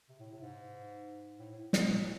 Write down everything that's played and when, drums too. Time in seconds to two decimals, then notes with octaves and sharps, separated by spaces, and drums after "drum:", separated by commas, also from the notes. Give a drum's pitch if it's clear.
0.09 C3
0.19 A2
0.31 C3
0.41 G#2
1.39 A2
1.51 A2
1.73 G#2, drum: snare
1.84 B2
1.98 A2